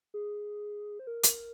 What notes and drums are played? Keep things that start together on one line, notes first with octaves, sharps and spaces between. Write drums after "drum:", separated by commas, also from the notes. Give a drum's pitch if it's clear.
G#4
C5
A#4
drum: hi-hat